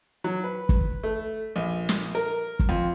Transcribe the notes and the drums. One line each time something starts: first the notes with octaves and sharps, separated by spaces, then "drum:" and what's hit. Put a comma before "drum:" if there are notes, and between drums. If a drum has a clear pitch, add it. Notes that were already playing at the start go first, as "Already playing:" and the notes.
F#3
B4
drum: kick
A3
A#1
drum: snare
A#4
drum: kick
F2